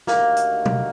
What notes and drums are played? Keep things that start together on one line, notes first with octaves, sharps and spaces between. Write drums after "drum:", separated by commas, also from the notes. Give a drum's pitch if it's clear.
D#2 D3 A3 A#3 D#4 F#4, drum: snare
drum: hi-hat
drum: tom B2